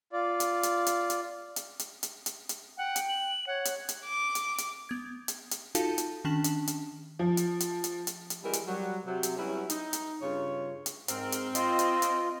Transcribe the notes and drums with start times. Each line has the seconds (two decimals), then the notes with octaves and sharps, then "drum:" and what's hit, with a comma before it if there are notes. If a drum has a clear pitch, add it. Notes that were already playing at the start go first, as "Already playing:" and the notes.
0.13 F4 D5
0.40 drum: hi-hat
0.63 drum: hi-hat
0.86 drum: hi-hat
1.10 drum: hi-hat
1.56 drum: hi-hat
1.79 drum: hi-hat
2.03 drum: hi-hat
2.26 drum: hi-hat
2.49 drum: hi-hat
2.78 F#5 G5
2.96 drum: hi-hat
3.09 F#7
3.47 C#5 F#5
3.65 drum: hi-hat
3.89 drum: hi-hat
4.05 D6
4.35 drum: hi-hat
4.58 drum: hi-hat
4.89 B3 G#6
5.28 drum: hi-hat
5.51 drum: hi-hat
5.75 D#4 F4 F#4 A4 F5 A5, drum: hi-hat
5.98 drum: hi-hat
6.25 D#3 C#4 D4 A5 E7 F#7
6.44 drum: hi-hat
6.67 drum: hi-hat
7.19 F3
7.37 drum: hi-hat
7.60 drum: hi-hat
7.84 drum: hi-hat
8.07 drum: hi-hat
8.30 drum: hi-hat
8.44 E3 G3 G#3 C4 F#4 A#4
8.53 drum: hi-hat
8.66 F#3 G3
9.07 C3 F#3
9.23 drum: hi-hat
9.38 F#3 G3 B3 C#4 E4
9.70 D#4, drum: hi-hat
9.93 drum: hi-hat
10.22 G2 C#3 F4 C#5
10.86 drum: hi-hat
11.08 G#2 C4 A#4, drum: hi-hat
11.32 drum: hi-hat
11.55 F4 D#5, drum: hi-hat
11.79 drum: hi-hat
12.02 drum: hi-hat